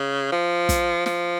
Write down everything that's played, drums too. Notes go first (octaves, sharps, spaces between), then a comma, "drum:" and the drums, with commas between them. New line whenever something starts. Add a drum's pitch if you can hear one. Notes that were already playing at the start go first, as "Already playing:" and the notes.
Already playing: C#3
F3
drum: kick, hi-hat
F3, drum: snare